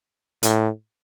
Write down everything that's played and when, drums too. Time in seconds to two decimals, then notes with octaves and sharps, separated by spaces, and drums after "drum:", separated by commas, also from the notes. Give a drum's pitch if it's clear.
0.43 A2, drum: hi-hat